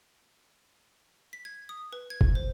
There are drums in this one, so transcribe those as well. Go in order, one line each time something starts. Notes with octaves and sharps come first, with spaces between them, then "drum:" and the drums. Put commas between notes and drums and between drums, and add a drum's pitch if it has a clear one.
B6
G#6
D#6
B4
G#6
drum: kick F1
C5